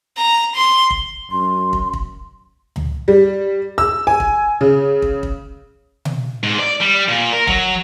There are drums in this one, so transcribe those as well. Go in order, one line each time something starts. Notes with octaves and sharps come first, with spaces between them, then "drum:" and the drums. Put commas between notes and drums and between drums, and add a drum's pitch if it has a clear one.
A#5
C6
drum: kick
F#2 C6
drum: kick
drum: kick
drum: tom D2
G3
E6
G#5
drum: kick
C#3
drum: kick
drum: kick
drum: tom B2
G#2
D5
G3
A#2
A#4
F#3, drum: kick